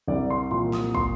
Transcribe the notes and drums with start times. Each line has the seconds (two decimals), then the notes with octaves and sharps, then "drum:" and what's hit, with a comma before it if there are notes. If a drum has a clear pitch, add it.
0.08 C2 D5
0.30 C6, drum: tom
0.51 A#2 C6, drum: tom D#3
0.73 D#6, drum: snare
0.95 C6, drum: kick